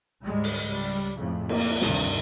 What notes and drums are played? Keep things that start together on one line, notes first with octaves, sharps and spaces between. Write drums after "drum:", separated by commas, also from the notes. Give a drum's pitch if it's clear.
D2 G#2 G3 G#3
drum: open hi-hat
C#2 G3
F2 A2 C#3
A#3, drum: cymbal
D2 G2 C3 D#3, drum: snare